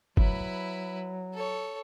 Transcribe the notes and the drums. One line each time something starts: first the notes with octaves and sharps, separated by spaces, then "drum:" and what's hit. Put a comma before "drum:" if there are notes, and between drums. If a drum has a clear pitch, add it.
F#3 E4 B4, drum: kick G1
A4 C#5